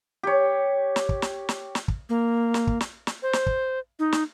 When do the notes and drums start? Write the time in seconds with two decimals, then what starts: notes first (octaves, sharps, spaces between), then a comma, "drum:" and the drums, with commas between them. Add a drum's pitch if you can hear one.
0.23 G4 C#5
0.96 drum: snare
1.09 drum: kick
1.22 drum: snare
1.49 drum: snare
1.75 drum: snare
1.88 drum: kick
2.09 A#3
2.54 drum: snare
2.67 drum: kick
2.81 drum: snare
3.07 drum: snare
3.23 C5
3.33 drum: snare
3.46 drum: kick
3.99 D#4
4.12 drum: snare